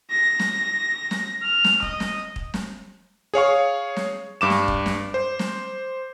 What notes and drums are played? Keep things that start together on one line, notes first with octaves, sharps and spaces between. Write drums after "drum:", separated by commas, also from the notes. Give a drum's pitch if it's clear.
A#6
drum: snare
drum: snare
F6
drum: snare
D#5, drum: kick
drum: snare
drum: kick
drum: snare
G#4 C#5 F5 C#6
drum: snare
G2 D6 E7
drum: snare
drum: kick
drum: snare
C5
drum: snare